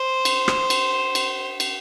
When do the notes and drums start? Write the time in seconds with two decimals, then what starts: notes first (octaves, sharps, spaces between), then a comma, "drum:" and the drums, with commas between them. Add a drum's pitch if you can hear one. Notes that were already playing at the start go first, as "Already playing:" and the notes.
Already playing: C5
0.25 drum: cymbal
0.48 drum: rim click
0.70 drum: cymbal
1.15 drum: cymbal
1.60 drum: cymbal